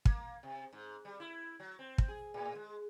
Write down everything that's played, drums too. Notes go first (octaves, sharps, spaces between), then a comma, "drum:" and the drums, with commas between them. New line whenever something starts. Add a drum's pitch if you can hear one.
A#3, drum: kick
C3
G#2
G3
E4
F#3
C4
drum: kick
G#4
A2
G#3